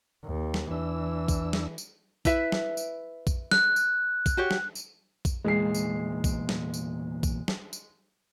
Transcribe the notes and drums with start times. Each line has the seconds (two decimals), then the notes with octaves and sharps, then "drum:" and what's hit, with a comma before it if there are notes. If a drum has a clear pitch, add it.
0.24 D#2
0.54 drum: snare
0.71 E2 E3 D4 E6
1.28 drum: kick A#1, tambourine
1.53 drum: snare
1.78 drum: tambourine
2.25 E4 B4 E5, drum: kick A#1, tambourine
2.52 drum: snare
2.77 drum: tambourine
3.27 drum: kick A#1, tambourine
3.51 F#6, drum: snare
3.76 drum: tambourine
4.26 drum: kick A#1, tambourine
4.37 F#4 G4 C#5
4.51 drum: snare
4.75 drum: tambourine
5.25 drum: kick A#1, tambourine
5.45 E2 A#2 G#3 C7
5.75 drum: tambourine
6.24 drum: kick A#1, tambourine
6.49 drum: snare
6.74 drum: tambourine
7.23 drum: kick A#1, tambourine
7.48 drum: snare
7.73 drum: tambourine